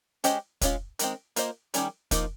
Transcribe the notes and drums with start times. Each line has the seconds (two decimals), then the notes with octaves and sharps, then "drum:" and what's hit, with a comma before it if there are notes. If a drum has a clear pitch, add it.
0.24 G#3 C#4 G4 C5 D#5, drum: hi-hat
0.61 G#3 C#4 F4, drum: kick, hi-hat
0.99 D#3 G#3 C4, drum: hi-hat
1.36 A#3 F4 C5 D#5, drum: hi-hat
1.74 D#3 G3 C#4 G#4, drum: hi-hat
2.11 F3 A#3 D#4, drum: kick, hi-hat